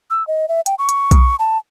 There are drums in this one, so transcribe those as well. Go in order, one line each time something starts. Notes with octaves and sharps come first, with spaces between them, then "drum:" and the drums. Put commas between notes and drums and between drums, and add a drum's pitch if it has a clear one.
E6
D#5
E5
G5, drum: hi-hat
C#6
drum: hi-hat
drum: kick B1, hi-hat
A5